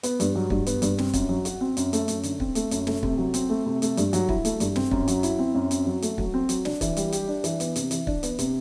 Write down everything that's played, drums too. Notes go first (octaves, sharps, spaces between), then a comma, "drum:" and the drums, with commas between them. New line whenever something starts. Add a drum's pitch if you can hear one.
B3, drum: hi-hat
G2, drum: hi-hat
F#3
G2, drum: kick
B3, drum: hi-hat
G2, drum: hi-hat
C4, drum: snare
F#2, drum: kick, hi-hat
F#3
F#4, drum: hi-hat
C4
F#2, drum: hi-hat
A3, drum: hi-hat
F#2, drum: hi-hat
D3, drum: hi-hat
C4, drum: kick
A3, drum: hi-hat
F#2, drum: hi-hat
A3, drum: snare
C3, drum: kick
F#3
C4, drum: hi-hat
A3
C3
A3, drum: hi-hat
G2, drum: hi-hat
F#3, drum: hi-hat
E4, drum: kick
A3, drum: hi-hat
G2, drum: hi-hat
C4, drum: snare
F#2, drum: kick
F#3, drum: hi-hat
E4, drum: hi-hat
C4
F#2
C4, drum: hi-hat
F#3
A3, drum: hi-hat
F#3, drum: kick
C4
F#3, drum: hi-hat
D4, drum: snare
E3, drum: kick, hi-hat
G3, drum: hi-hat
G4, drum: hi-hat
D4
E3, drum: hi-hat
B3, drum: hi-hat
C3, drum: hi-hat
E3, drum: hi-hat
D4, drum: kick
B3, drum: hi-hat
C3, drum: hi-hat